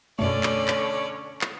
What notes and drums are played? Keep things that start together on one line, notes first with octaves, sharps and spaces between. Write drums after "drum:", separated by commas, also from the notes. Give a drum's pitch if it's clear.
F#2 B2 D3 A3 C#4 C#5 D5
drum: clap
drum: clap
drum: clap